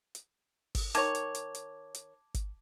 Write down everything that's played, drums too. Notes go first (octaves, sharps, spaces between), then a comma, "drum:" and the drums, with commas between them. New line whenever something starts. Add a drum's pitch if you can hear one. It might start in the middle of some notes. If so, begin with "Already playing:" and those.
drum: hi-hat
drum: kick G#1, open hi-hat
D#3 C#5 A5 D6 G#6, drum: hi-hat
drum: hi-hat
drum: hi-hat
drum: hi-hat
drum: hi-hat
drum: kick G#1, hi-hat